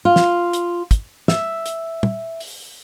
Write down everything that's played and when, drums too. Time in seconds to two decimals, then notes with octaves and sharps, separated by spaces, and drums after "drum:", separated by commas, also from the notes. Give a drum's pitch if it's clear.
0.05 F4
0.16 drum: snare
0.53 drum: hi-hat
0.91 drum: kick, hi-hat
1.28 E5, drum: snare
1.66 drum: hi-hat
2.03 drum: tom
2.40 drum: open hi-hat